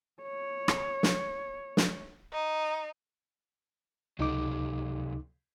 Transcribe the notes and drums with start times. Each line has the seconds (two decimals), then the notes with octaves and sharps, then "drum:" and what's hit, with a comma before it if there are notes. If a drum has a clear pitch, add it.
0.22 C#5
0.68 drum: rim click
1.03 drum: snare
1.77 drum: snare
2.32 D#4
4.19 C#2 C3 F#3 D#4 A4 D6